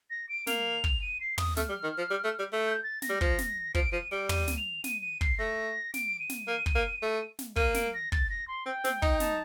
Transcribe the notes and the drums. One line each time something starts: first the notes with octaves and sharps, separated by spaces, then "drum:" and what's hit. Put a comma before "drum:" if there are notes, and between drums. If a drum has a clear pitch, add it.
A#6
D7
A#3 F7, drum: snare
drum: kick
D#7
C7
D#6, drum: tom
A3 F6, drum: snare
G3
D#3
F3
G3
A3
G3
A3
G6
A6
A#6, drum: snare
G3
F3, drum: kick
drum: snare
F3 D7, drum: kick
F3 D#7
G3 D7
D#7, drum: tom
drum: snare
F7
D#7, drum: snare
D#7
C7, drum: kick
A3 A#6
D7, drum: snare
D#7
drum: snare
A#3
drum: kick
A#3
A3
drum: snare
A#3 D#7, drum: kick
D7, drum: snare
A#6
A6, drum: kick
A#6
C6
C4 G5
C4, drum: snare
D#4, drum: kick
A5, drum: snare